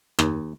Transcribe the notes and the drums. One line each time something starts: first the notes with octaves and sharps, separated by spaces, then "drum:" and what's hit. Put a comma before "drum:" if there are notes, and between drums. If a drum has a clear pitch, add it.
D#2, drum: rim click